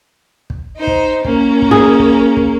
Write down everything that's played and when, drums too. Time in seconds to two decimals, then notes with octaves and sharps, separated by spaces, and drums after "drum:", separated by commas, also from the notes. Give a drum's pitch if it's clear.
0.50 drum: kick
0.77 D#4 C5
0.87 drum: kick
1.25 A#3 C#4, drum: kick
1.62 drum: kick
1.71 G#4
1.99 drum: kick
2.37 drum: kick